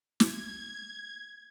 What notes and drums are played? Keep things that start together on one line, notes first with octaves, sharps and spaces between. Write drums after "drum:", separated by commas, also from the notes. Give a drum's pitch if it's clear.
G#6, drum: snare